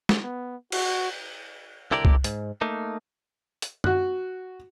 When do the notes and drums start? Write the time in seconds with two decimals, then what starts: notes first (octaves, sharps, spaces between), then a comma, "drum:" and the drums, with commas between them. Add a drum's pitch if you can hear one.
0.09 drum: snare
0.23 B3
0.72 F#4, drum: cymbal
1.91 C2 D3 E4 G4 A#4 D5
2.05 drum: kick C2
2.24 G#2, drum: hi-hat
2.61 A3 A#3 D#4
3.62 drum: hi-hat
3.84 F#4 F#6, drum: tom F#2